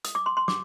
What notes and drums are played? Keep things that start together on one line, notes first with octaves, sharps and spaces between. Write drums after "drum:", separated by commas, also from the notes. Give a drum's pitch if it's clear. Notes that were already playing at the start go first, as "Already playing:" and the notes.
D#6, drum: hi-hat
D6
C6
C6
D6, drum: snare